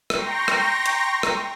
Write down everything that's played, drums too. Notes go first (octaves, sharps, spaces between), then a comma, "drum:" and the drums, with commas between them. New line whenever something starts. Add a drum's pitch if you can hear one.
G5 A#5 C6 C#6 A#6, drum: rim click
drum: rim click
drum: hi-hat
drum: rim click